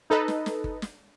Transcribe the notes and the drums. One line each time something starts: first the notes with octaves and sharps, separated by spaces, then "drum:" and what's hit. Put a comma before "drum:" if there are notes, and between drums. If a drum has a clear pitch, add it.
D#4 A4 B4 D#5
drum: snare
drum: snare
drum: kick G1
drum: snare